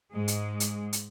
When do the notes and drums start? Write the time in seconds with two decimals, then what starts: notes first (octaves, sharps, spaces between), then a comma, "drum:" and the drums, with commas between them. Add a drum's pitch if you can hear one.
0.11 G#2 G#3
0.28 drum: hi-hat
0.60 drum: hi-hat
0.93 drum: hi-hat